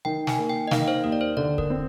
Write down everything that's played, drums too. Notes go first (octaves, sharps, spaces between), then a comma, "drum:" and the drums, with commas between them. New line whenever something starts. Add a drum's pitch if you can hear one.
D#3 G5
G#5, drum: snare
A#3
G5
D#5
D#3 F5, drum: snare
C5
D#2 A#4
D5
C5
D3 D5
A#4, drum: kick C#1
C4